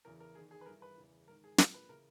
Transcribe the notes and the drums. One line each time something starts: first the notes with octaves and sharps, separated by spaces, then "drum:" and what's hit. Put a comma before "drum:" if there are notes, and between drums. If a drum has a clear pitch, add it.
E2 C#3 E3 A#4
A#4
E2 D#3 G#4
G#4
B4
G2 E3 A#4
B4
E2 C#3 E3
G#2 D#3 A#4
G#4
A#2 A#4, drum: snare
B4
C#3 E3 A#4